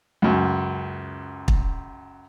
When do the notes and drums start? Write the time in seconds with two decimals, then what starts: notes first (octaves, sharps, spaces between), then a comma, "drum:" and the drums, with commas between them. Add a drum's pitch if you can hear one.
0.22 C#2 F#2
1.48 drum: kick